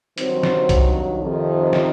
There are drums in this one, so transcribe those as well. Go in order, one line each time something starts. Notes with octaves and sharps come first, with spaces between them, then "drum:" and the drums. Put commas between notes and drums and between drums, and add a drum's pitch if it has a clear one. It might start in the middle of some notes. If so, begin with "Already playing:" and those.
G2 D#3 F#3 C4 C5, drum: hi-hat
drum: snare
drum: kick B1, hi-hat
F2 C3 D#3
drum: snare